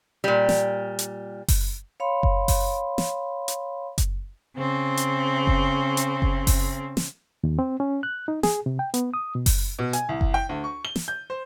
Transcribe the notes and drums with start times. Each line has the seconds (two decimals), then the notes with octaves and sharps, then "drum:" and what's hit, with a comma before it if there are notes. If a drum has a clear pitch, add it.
0.24 A#2 G3
0.49 drum: snare
0.99 drum: hi-hat
1.48 drum: kick F#1, open hi-hat
2.00 C#5 F5 B5 C6
2.23 drum: kick F#1
2.48 drum: kick F#1, open hi-hat
2.98 drum: snare
3.48 drum: hi-hat
3.98 drum: kick F#1, hi-hat
4.56 C#3 C4
4.97 drum: hi-hat
5.47 drum: kick F#1
5.97 drum: hi-hat
6.22 drum: kick F#1
6.47 drum: kick F#1, open hi-hat
6.97 drum: snare
7.44 D#2
7.59 C4
7.80 C#4
8.03 F#6
8.28 D#4
8.43 G#4, drum: snare
8.66 C3
8.79 G5
8.94 B3, drum: hi-hat
9.14 D#6
9.35 B2
9.46 drum: kick F#1, open hi-hat
9.79 B2
9.93 G#5, drum: hi-hat
10.09 C2
10.21 drum: kick F#1
10.34 G5
10.49 D2
10.64 C#6
10.85 G7
10.96 drum: snare
11.08 G6
11.30 C5